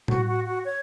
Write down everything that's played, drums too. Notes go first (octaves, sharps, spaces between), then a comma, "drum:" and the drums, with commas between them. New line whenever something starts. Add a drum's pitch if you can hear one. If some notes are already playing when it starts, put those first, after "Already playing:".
F#4, drum: tom A2
F#4
F#4
C#5